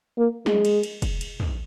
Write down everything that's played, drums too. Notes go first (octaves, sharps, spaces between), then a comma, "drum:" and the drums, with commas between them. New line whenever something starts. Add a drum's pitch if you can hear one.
A#3
G#3, drum: snare
drum: cymbal
drum: cymbal
drum: kick, cymbal
drum: cymbal
drum: tom